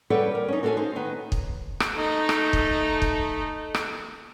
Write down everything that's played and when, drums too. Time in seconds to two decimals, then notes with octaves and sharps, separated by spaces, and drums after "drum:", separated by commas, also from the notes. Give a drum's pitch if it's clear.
0.10 G3 G4 A4 B4 C#5 F#5
0.35 A#4
0.48 C#4 D#4
0.63 F#4 A4 C#5 D5 F5 G#5
0.77 D#4 C5
0.96 D#3 B3 D#4
1.32 drum: kick
1.80 drum: rim click
1.94 A3 D#4
2.29 drum: rim click
2.53 drum: kick
3.02 drum: kick
3.74 drum: rim click